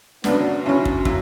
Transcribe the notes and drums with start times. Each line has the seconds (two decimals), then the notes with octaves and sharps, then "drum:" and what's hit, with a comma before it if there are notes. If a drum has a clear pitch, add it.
0.24 D2 C#3 F#3 B3 D4, drum: snare
0.64 D2 C#3 F#3 C#4 E4
0.85 drum: kick
1.05 F#3 A#3 E4, drum: kick